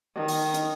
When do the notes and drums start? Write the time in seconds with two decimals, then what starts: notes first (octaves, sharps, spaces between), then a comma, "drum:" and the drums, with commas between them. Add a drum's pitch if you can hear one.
0.15 D#3
0.28 drum: open hi-hat
0.54 drum: hi-hat